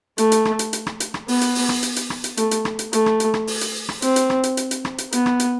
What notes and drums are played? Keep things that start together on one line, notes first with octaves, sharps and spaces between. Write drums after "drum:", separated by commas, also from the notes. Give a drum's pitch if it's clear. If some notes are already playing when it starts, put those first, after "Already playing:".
A3, drum: hi-hat
drum: hi-hat
drum: rim click
drum: hi-hat
drum: hi-hat
drum: rim click
drum: hi-hat
drum: rim click
B3, drum: open hi-hat
drum: hi-hat
drum: open hi-hat
drum: rim click
drum: hi-hat
drum: hi-hat
drum: rim click
drum: hi-hat
A3, drum: hi-hat
drum: hi-hat
drum: rim click
drum: hi-hat
A3, drum: hi-hat
drum: rim click
drum: hi-hat
drum: rim click
drum: open hi-hat
drum: hi-hat
drum: rim click
C4, drum: hi-hat
drum: hi-hat
drum: rim click
drum: hi-hat
drum: hi-hat
drum: hi-hat
drum: rim click
drum: hi-hat
B3, drum: hi-hat
drum: rim click
drum: hi-hat